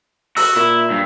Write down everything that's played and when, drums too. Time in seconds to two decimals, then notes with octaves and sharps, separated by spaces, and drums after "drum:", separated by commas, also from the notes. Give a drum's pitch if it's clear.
0.37 F#4 E6, drum: open hi-hat
0.56 A#2 E4
0.91 G2